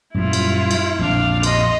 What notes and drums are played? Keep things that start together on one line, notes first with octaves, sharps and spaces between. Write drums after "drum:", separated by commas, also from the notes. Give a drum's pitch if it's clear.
F#2 A#2 G3 E4 F4
drum: cymbal
drum: cymbal
A#1 F2 D4 F5
D#5 C6, drum: cymbal